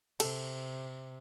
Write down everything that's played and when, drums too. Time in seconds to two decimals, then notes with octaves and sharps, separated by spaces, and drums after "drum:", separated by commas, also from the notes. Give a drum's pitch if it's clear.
0.20 C3 A4, drum: cymbal